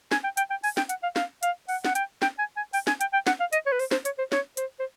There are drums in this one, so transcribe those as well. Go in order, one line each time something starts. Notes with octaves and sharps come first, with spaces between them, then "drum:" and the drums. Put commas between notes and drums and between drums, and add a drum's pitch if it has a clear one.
G#5, drum: snare
G5
G5, drum: hi-hat
G5
G#5, drum: open hi-hat
G5, drum: snare
F#5, drum: hi-hat
F5
F5, drum: snare
F5, drum: hi-hat
F#5, drum: open hi-hat
F#5, drum: snare
G5, drum: hi-hat
G5, drum: snare
G#5
G#5
G5, drum: open hi-hat
G#5, drum: snare
G5, drum: hi-hat
G5
F#5, drum: snare
F5
D#5, drum: hi-hat
C#5
B4
C5, drum: open hi-hat
C5, drum: snare
C#5, drum: hi-hat
C5
C#5, drum: snare
C5, drum: hi-hat
C5